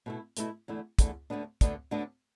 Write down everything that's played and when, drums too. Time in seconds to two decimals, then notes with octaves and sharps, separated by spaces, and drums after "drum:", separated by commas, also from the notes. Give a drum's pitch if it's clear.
0.06 B2 A3 E4
0.37 B2 A3 E4, drum: hi-hat
0.68 E2 D3 A3 E4
0.99 E2 D3 A3 E4, drum: kick, hi-hat
1.30 D2 D3 B3 D4
1.61 D2 D3 B3 D4, drum: kick, hi-hat
1.91 D2 D3 B3 D4